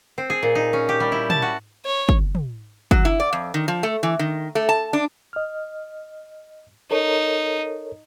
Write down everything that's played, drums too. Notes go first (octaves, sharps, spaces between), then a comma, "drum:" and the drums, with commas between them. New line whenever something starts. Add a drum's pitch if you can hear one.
C4
G#4
A#2
D#4
C#4
G4
G3
E4
A5, drum: tom
F#4
C#5
drum: kick
drum: tom
F#3, drum: kick
E4
D5
F2
D#3
F3
A3
E3
D#3
A3
A5
D4
D#5 F6
D#4 A4 A#4 C#5